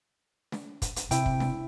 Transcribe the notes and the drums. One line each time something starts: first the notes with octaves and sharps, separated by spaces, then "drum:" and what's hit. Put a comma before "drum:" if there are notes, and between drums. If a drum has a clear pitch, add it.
drum: snare
drum: kick, hi-hat
drum: hi-hat
C3 E4 G5, drum: hi-hat
drum: kick
drum: snare